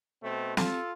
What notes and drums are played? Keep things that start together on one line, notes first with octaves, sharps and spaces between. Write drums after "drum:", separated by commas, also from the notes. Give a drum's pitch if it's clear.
B2 A3 C4
F4 A4, drum: snare